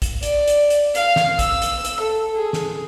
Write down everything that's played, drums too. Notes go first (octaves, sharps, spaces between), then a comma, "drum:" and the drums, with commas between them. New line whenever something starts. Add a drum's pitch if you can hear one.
drum: kick, hi-hat
D5, drum: hi-hat
drum: hi-hat
drum: hi-hat
F5, drum: hi-hat
drum: snare
E6, drum: kick, hi-hat
drum: hi-hat
drum: hi-hat
A4
G#4
drum: snare